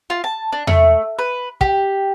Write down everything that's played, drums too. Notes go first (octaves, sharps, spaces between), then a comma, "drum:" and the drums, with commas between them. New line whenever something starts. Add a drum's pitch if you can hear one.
F4
A5
D4
A3, drum: tom E2
B4
G4, drum: kick